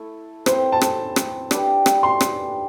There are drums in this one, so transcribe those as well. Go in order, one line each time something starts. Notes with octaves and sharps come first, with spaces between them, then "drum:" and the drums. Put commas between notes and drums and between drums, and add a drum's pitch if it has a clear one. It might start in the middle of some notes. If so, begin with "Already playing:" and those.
Already playing: A3 E4 A4
C4 E4 B4 C5 E5, drum: rim click
A5
drum: rim click
drum: rim click
D4 G4 B4, drum: rim click
drum: rim click
C6
drum: rim click